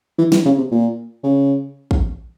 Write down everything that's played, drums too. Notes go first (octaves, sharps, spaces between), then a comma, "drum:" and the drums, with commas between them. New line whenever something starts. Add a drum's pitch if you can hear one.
E3
E3, drum: snare
C#3
C3
A#2
C#3
drum: kick